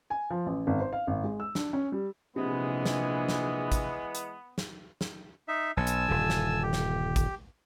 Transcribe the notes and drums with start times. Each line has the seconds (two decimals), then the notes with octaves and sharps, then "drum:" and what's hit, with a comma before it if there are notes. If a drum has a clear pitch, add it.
0.10 G#5
0.30 F3
0.46 A1
0.67 G#1
0.80 C5
0.93 F5
1.07 G#1
1.24 G#3
1.40 E6
1.55 D4, drum: snare
1.73 C#4
1.92 G3
2.36 A#1 C3 E3 G#3 B3
2.86 drum: snare
3.29 drum: snare
3.72 drum: kick, hi-hat
4.15 drum: hi-hat
4.58 drum: snare
5.01 drum: snare
5.48 D#4 E5
5.77 B1 G#5 A5 E6
5.87 drum: hi-hat
6.08 D#1 G2 D3
6.30 drum: snare
6.63 G4
6.73 drum: snare
7.16 drum: kick, hi-hat